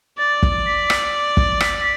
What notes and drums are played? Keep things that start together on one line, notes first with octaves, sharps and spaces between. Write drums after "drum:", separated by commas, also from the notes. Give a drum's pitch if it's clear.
D5 A6
drum: kick
B6
drum: rim click
drum: kick
B6, drum: rim click
B6